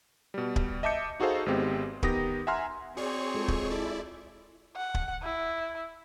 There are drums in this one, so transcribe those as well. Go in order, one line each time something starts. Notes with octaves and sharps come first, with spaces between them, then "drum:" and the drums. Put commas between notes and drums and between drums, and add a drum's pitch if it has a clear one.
B2 G3
drum: kick
D#5 E5 A5 D6 G6 C#7
D#4 F#4 G#4 A4 C5 F5
G#1 G#3 B3 C4 G4
D#3 B3 G4 D#6 A#6, drum: kick
E5 F#5 G#5 A#5 C6 F6
C4 F#4 G#4 C#5 D5 C#6
G#3 F4 A4
drum: kick
E4 G#4 A4 D5
F#5
drum: kick
E4